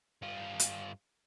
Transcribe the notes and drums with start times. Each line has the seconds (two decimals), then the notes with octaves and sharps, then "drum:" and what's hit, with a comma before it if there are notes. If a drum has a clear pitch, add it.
0.22 G2 F4
0.60 drum: hi-hat